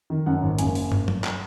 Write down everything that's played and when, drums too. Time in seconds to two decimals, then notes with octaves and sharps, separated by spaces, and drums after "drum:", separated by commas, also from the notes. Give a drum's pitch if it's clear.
0.10 D#3
0.26 F#2 F#5
0.43 G#1
0.59 F#1 G#5, drum: hi-hat
0.75 drum: open hi-hat
0.92 drum: tom
1.08 drum: tom
1.24 drum: clap